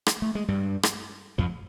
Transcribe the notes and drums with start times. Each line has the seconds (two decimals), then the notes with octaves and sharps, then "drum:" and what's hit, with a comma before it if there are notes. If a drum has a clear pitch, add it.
0.06 drum: rim click
0.22 A3
0.35 G#3
0.48 G2 G3
0.83 drum: rim click
1.38 F2 F3